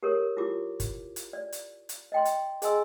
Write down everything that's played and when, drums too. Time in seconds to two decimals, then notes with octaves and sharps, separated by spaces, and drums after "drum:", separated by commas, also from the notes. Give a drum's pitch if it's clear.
0.03 G4 A4 A#4 C#5
0.37 E4 F4 G4 D6
0.80 drum: kick, hi-hat
1.16 drum: hi-hat
1.33 D5
1.52 drum: hi-hat
1.89 drum: hi-hat
2.12 D#5 G5 C6
2.25 drum: hi-hat
2.62 G#4 D#5 G#5 C6 E6, drum: hi-hat